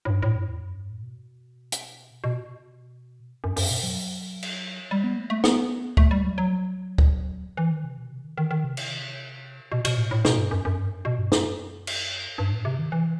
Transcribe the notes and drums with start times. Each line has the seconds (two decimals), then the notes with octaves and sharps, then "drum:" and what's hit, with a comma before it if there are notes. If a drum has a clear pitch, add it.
0.05 A2
0.10 G2
0.22 A2
0.36 F#2
0.50 E2
0.63 F#2
0.77 G2
0.90 A2
1.03 B2
1.72 drum: hi-hat
2.24 B2
3.44 F#2
3.56 F#2, drum: open hi-hat
3.71 B2
3.83 F#3
4.43 drum: cymbal
4.91 G3
5.04 B3
5.17 A3
5.30 A3
5.44 B3, drum: snare
5.97 A3, drum: kick D2
6.11 G3
6.24 F#3
6.38 F#3
6.98 drum: kick D2
7.57 E3
7.70 D#3
7.84 C3
7.98 B2
8.11 C3
8.25 D#3
8.38 D#3
8.51 D#3
8.64 C3
8.77 drum: cymbal
9.72 B2
9.85 B2, drum: cymbal
9.97 A2
10.11 A2
10.25 B2, drum: snare
10.38 G2
10.51 F#2
10.65 F#2
10.79 G2
11.05 B2
11.19 G2
11.32 F#2, drum: snare
11.87 drum: cymbal
12.38 G2
12.52 A2
12.65 C3
12.79 D#3
12.92 E3